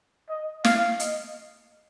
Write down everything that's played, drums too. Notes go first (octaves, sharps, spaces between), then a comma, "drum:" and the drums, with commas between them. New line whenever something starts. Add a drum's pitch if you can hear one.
D#5
F5, drum: snare
D#5, drum: hi-hat